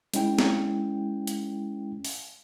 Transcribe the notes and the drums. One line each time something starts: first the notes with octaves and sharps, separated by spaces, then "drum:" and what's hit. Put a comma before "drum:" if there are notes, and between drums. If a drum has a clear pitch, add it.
G#3 C#4 E4 G5, drum: hi-hat
drum: snare
drum: hi-hat
drum: open hi-hat